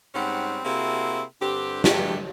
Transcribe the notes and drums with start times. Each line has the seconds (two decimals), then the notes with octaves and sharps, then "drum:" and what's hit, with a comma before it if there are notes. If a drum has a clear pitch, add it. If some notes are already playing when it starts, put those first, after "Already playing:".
0.15 G#2 G3 C4 C#4 F#5
0.65 C3 A#3 C4 E4 F#4 G#4
1.41 G2 D3 C4 G4
1.84 G2 A3 G4, drum: snare